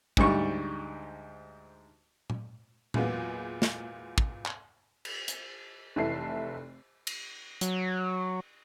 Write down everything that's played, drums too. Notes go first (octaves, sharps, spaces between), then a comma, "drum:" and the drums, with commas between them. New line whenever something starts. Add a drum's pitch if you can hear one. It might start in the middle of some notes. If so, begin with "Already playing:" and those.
D2 G#2 G3 C#6, drum: kick
drum: tom A#2
E2 A#2 F#3 G#3 A#3 B3, drum: tom A#2
drum: snare
drum: kick
drum: clap
drum: cymbal
drum: hi-hat
F1 E3 A4 E5 C7
drum: cymbal
F#3, drum: hi-hat